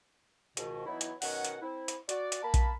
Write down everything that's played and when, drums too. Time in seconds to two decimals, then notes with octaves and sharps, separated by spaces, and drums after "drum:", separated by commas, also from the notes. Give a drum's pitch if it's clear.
0.57 C#2 G#2 B2 D#3, drum: hi-hat
0.86 E3 F#3 B3 D#4 E4
1.01 drum: hi-hat
1.22 B2 D#3 C#4 D#5 F#5, drum: open hi-hat
1.45 drum: hi-hat
1.62 C4 E4
1.88 drum: hi-hat
2.09 F#4 D5, drum: hi-hat
2.32 drum: hi-hat
2.43 A#3 A#4 A5 B5
2.54 drum: kick A#1, hi-hat